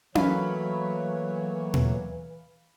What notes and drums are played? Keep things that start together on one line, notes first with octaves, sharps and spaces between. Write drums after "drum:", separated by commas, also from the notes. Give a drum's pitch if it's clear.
E3 F#3 A3 A#3 C#5 F5 B5, drum: tom C#4
drum: tom A#2